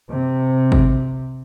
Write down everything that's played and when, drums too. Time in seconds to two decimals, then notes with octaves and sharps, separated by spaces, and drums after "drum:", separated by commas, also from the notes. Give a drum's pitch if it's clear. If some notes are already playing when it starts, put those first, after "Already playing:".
0.10 C3
0.72 drum: kick